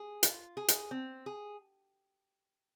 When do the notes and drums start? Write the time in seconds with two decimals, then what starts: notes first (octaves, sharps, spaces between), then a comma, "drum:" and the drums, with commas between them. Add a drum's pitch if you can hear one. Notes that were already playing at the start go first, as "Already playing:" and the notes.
Already playing: G#4
0.23 F4, drum: hi-hat
0.57 G#4
0.68 drum: hi-hat
0.91 C4
1.26 G#4